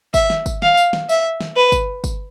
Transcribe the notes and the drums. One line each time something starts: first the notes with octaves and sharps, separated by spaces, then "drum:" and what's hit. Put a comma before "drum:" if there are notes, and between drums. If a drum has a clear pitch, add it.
E5, drum: kick, tambourine
drum: snare
drum: kick, tambourine
F5, drum: snare
drum: tambourine
drum: snare
E5, drum: tambourine
drum: snare
B4
drum: kick, tambourine
drum: kick, tambourine